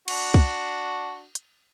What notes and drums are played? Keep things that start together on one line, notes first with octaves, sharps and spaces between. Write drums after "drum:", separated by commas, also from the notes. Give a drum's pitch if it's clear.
D4 F#4, drum: cymbal
drum: kick
drum: hi-hat